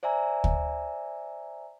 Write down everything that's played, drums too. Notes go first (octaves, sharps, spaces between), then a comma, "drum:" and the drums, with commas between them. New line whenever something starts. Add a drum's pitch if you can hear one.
C5 D5 E5 G#5 A#5
drum: kick